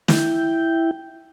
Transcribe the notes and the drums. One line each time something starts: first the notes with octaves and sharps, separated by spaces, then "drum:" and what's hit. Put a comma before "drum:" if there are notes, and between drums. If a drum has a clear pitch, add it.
E4 G5, drum: snare